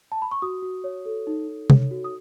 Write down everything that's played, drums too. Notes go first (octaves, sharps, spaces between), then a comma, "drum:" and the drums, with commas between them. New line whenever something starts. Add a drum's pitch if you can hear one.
A5
B5
C#6
F#4 D#6
F#4
C#5
A4
D#4
D#4
C#5, drum: tom
F#4
D#6